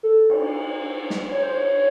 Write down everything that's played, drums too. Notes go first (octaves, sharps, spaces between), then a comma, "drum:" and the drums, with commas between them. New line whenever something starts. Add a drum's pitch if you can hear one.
A4
drum: cymbal
drum: snare
C#5
C5
C#5